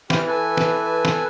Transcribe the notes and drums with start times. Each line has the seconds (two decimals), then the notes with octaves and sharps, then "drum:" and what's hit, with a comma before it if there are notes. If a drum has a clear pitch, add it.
0.10 E3 G4 F6, drum: snare
0.27 A4 B4 G#5
0.57 drum: snare
1.05 drum: snare